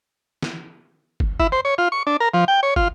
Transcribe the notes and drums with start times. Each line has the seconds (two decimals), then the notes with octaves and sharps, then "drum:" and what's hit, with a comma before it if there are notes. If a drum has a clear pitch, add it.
0.43 drum: snare
1.20 drum: kick
1.40 E4, drum: kick
1.52 C5
1.65 C#5
1.78 F4
1.92 C#6
2.07 D4
2.20 A#4
2.34 F3
2.48 G5
2.63 C#5
2.76 F4, drum: kick